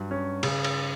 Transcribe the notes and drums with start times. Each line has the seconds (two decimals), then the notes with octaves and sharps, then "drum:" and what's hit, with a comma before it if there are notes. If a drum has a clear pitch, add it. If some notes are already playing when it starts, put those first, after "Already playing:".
Already playing: G2 F#3
0.11 C#4
0.43 C#3, drum: cymbal
0.64 drum: cymbal